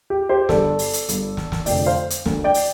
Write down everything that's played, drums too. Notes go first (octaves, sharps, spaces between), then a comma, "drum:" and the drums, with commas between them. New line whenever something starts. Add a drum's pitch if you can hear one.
G4
G4 C5
G1 G2 D3 A4 D5, drum: snare
drum: open hi-hat
drum: hi-hat
G1 G2 D3, drum: hi-hat
drum: snare
drum: snare
F1 F2 D3 D5 G5, drum: open hi-hat
C5 F5
drum: hi-hat
D2 D3, drum: snare
D5 G5
drum: open hi-hat